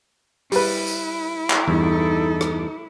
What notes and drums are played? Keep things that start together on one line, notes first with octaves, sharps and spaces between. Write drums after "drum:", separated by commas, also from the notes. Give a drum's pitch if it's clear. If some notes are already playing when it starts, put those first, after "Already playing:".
G3 E4 B4, drum: open hi-hat
drum: tambourine
drum: clap
E2 G2 D#4 A4
drum: rim click